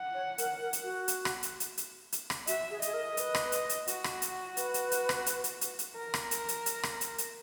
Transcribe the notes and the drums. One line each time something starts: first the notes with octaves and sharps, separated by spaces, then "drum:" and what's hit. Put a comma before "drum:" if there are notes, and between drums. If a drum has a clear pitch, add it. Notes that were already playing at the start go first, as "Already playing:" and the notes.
Already playing: F#5
C#5
A#4, drum: hi-hat
A#4
drum: hi-hat
F#4
drum: hi-hat
drum: rim click
drum: hi-hat
drum: hi-hat
drum: hi-hat
drum: hi-hat
drum: rim click
F#4 E5, drum: hi-hat
G#4
G#4 D#5, drum: hi-hat
A#4
B4, drum: hi-hat
drum: rim click
drum: hi-hat
drum: hi-hat
F#4, drum: hi-hat
drum: rim click
drum: hi-hat
B4, drum: hi-hat
drum: hi-hat
drum: hi-hat
drum: rim click
drum: hi-hat
drum: hi-hat
drum: hi-hat
drum: hi-hat
A#4
drum: rim click
drum: hi-hat
drum: hi-hat
drum: hi-hat
drum: rim click
drum: hi-hat
drum: hi-hat